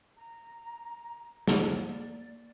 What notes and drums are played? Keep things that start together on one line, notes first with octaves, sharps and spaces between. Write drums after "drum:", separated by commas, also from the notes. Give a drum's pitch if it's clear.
A#5
A#3 D5, drum: snare